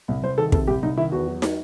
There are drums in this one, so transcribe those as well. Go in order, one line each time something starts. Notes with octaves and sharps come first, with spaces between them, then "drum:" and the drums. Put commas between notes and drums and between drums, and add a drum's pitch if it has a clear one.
C2
C2 C5
D#3 A4
C3 A4, drum: kick
C2 G4
C2 D#4
D#3 E4
E2 F#4
F#3
drum: snare